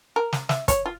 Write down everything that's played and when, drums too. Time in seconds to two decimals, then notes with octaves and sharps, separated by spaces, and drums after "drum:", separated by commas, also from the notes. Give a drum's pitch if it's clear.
0.16 A#4
0.33 drum: snare
0.49 E5, drum: snare
0.68 C#5, drum: kick, hi-hat
0.86 F4